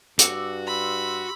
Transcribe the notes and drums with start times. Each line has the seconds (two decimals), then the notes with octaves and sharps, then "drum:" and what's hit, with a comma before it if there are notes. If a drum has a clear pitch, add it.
0.19 G2 F#4 D6 E6, drum: hi-hat
0.67 B5 C6 E6